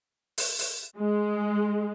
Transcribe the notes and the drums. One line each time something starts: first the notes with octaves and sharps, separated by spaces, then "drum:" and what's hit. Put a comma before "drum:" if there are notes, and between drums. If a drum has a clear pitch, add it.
drum: open hi-hat
drum: open hi-hat
G#3